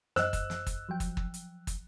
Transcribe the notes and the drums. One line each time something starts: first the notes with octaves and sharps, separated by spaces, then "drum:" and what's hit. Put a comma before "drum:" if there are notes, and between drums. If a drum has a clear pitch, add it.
F#2 C5 D#5 E6 F#6, drum: snare
drum: kick, hi-hat
drum: snare
drum: kick, hi-hat
F3 F#3 G5
drum: kick, hi-hat
drum: kick
drum: hi-hat
drum: kick, hi-hat